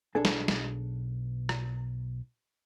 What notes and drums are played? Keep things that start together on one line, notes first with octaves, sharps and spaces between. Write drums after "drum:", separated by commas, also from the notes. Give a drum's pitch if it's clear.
B1 B2 D4 G#4 A4 G#5
drum: snare
drum: snare
drum: rim click